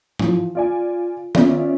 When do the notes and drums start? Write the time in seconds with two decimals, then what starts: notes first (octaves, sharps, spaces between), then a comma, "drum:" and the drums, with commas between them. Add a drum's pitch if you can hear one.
0.19 E3 F3, drum: tom G#2
0.55 F4 D5 G#5
1.35 B3 C#4 F4 D5 E5, drum: tom D#3